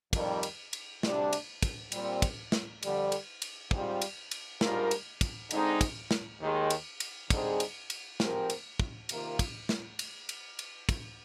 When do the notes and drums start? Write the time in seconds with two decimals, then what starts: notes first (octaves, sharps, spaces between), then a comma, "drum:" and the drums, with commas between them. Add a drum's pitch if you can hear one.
0.13 F2 D#3 G3, drum: kick, cymbal
0.43 drum: cymbal
0.73 drum: cymbal
1.03 D2 C3 G3 D4, drum: snare
1.33 drum: cymbal
1.63 drum: kick, cymbal
1.92 A#2 G3 C4, drum: cymbal
2.22 drum: kick, cymbal
2.52 drum: snare
2.83 F2 D3 G3, drum: cymbal
3.12 drum: cymbal
3.42 drum: cymbal
3.71 G#2 G3 C4 F4, drum: kick
4.02 drum: cymbal
4.31 drum: cymbal
4.61 G#2 G3 D4 F4 A#4, drum: snare
4.91 drum: cymbal
5.21 drum: kick, cymbal
5.51 D3 G#3 C4 D#4, drum: cymbal
5.81 drum: kick, cymbal
6.11 drum: snare
6.41 D#2 D#3 G#3
6.70 drum: cymbal
7.00 drum: cymbal
7.30 D3 G3 C4 D#4 G#4, drum: kick, cymbal
7.60 drum: cymbal
7.90 drum: cymbal
8.20 G#2 F3 C4 G4 A#4, drum: snare
8.50 drum: cymbal
8.80 drum: kick
9.09 C3 D#3 A#3 F4, drum: cymbal
9.39 drum: kick, cymbal
9.69 drum: snare
9.99 drum: cymbal
10.29 drum: cymbal
10.59 drum: cymbal
10.89 drum: kick, cymbal